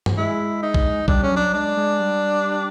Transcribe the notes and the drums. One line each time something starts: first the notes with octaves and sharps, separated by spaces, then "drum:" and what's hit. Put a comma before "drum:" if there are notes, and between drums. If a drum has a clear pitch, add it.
drum: tom G2
G#3 E4
D#4
drum: kick A#1
G3 D4, drum: kick A#1
C#4
F#3 D4
G#3 D4
G#3
G3